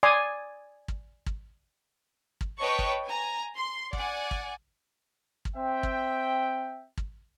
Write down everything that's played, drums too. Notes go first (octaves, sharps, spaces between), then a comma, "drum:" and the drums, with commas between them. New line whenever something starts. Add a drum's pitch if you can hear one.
D5 G#5 C6 D6 D#6
drum: kick
drum: kick
drum: kick
B4 C#5 D#5 G5 A5 C#6
drum: kick
G#5 A#5
C6
D5 F#5 G#5, drum: kick
drum: kick
drum: kick
C4 E5 G5
drum: kick
drum: kick